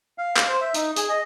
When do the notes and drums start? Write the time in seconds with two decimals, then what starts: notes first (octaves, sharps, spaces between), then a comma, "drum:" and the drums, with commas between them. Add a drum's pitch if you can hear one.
0.18 F5
0.37 F5, drum: clap
0.48 C5
0.61 E5
0.74 D#4, drum: hi-hat
0.96 G#4, drum: hi-hat
1.09 D#5